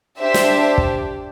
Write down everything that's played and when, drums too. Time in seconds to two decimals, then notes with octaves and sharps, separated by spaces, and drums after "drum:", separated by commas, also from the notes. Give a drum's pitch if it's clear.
0.20 D4 G4 C5 E5
0.34 drum: snare
0.78 drum: kick